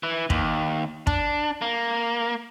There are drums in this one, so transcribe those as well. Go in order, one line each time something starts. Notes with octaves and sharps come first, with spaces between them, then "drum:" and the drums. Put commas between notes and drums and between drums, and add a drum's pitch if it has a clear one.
E3
D#2, drum: kick
D4, drum: kick
A#3